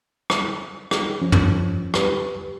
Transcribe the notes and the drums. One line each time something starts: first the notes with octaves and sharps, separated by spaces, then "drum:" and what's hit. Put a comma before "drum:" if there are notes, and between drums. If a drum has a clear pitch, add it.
drum: rim click
drum: rim click
F3 C#4
drum: tom
G4 B4, drum: rim click